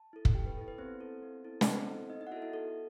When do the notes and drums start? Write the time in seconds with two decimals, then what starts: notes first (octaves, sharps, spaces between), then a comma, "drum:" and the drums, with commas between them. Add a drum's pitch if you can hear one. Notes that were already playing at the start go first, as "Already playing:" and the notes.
Already playing: A5
0.13 E4 A4
0.25 drum: kick
0.35 B3 G4 G5
0.46 B4
0.57 E4 A4
0.68 B4
0.78 B3 C4 C5
1.00 E4 A4
1.23 B3
1.45 E4 A4
1.61 D#5, drum: snare
1.66 B3 C4 C5
1.88 E4 A4
2.10 B3 D#4 D#5
2.21 D#4 D#5
2.27 F#5
2.31 E4 F#4 A4 E5
2.42 E4 E5
2.53 B3 A4